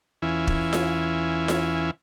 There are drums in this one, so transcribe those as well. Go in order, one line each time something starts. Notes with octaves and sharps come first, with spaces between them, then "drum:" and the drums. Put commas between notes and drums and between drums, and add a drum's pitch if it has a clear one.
E2 E3 C#4 E4 F4 G#5
drum: kick
drum: snare F4
drum: snare F4